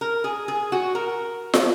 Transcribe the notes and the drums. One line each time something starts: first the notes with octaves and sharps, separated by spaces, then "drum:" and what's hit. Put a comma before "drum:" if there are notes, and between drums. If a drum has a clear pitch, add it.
A#4
G#4
G#4
F#4
A#4
drum: snare